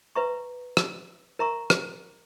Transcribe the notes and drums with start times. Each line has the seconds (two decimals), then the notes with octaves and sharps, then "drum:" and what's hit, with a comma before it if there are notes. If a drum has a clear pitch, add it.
0.15 B4 E5 A#5 C#6
0.77 drum: rim click
1.39 A#4 E5 A#5 C#6
1.70 drum: rim click